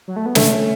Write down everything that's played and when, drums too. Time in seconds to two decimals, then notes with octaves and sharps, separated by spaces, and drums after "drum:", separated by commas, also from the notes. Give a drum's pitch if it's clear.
0.08 F#3
0.16 A3
0.26 B3
0.35 A3 C#4, drum: snare